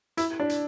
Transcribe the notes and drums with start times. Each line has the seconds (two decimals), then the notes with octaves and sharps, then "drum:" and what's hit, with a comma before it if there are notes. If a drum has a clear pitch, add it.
0.17 E4, drum: hi-hat
0.40 D4
0.49 drum: hi-hat